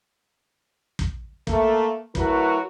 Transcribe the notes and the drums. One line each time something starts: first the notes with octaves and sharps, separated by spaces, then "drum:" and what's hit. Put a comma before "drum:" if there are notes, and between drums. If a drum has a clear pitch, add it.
drum: kick
A3 A#3 A4, drum: kick
F#3 A3 E4 F#4 A#4 B4, drum: kick